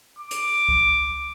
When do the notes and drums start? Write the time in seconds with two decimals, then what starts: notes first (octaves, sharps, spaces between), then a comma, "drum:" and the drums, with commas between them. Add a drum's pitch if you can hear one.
0.19 D6
0.31 drum: hi-hat
0.69 drum: kick C#2